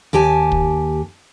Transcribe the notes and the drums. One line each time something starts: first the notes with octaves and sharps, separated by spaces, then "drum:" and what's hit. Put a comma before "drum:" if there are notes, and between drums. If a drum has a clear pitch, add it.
D#2 G4 G#5 A5
drum: kick